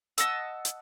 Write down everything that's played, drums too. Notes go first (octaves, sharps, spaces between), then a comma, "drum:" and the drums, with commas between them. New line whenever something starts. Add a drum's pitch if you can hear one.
D#5 F#5 A5 E6, drum: hi-hat
drum: hi-hat